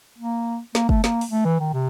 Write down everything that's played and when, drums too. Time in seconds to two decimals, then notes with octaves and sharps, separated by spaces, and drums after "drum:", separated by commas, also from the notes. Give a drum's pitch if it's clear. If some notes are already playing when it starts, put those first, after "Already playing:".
0.19 A#3
0.75 A#3, drum: snare
0.89 A3, drum: kick
1.04 A#3, drum: snare
1.21 drum: open hi-hat
1.32 A3
1.45 E3
1.60 D#3
1.74 C3